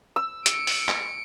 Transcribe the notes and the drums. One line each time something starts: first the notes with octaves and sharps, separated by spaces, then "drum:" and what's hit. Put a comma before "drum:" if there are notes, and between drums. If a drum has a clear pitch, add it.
E6
C#7 D7, drum: hi-hat
drum: open hi-hat
drum: clap